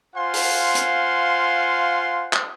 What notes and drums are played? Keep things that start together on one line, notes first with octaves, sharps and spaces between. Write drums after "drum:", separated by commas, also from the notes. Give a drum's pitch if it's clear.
F4 C5 F5 F#5 G#5 C6
drum: open hi-hat
drum: hi-hat
drum: clap